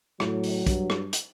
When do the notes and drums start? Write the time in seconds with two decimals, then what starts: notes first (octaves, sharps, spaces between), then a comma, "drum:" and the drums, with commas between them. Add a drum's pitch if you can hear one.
0.20 A2 F#3, drum: rim click
0.43 drum: open hi-hat
0.67 G2, drum: kick, hi-hat
0.90 drum: rim click
1.13 drum: hi-hat